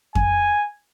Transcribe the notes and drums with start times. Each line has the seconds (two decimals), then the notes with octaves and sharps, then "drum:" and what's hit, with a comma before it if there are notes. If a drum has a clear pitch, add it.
0.15 G#5, drum: kick F2